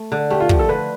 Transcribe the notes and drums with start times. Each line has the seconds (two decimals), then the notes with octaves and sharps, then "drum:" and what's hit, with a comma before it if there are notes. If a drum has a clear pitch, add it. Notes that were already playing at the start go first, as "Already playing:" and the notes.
Already playing: A3
0.12 D3
0.30 A3 G4
0.40 F4
0.49 F3 G4, drum: kick
0.59 A4
0.69 D3 B4